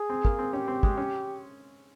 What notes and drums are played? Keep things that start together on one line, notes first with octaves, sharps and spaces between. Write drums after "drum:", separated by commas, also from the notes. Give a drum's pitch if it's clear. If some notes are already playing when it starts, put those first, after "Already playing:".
Already playing: G#4
C4
A#3, drum: kick
C4
C#4 G4
C4
G#3, drum: kick
C#4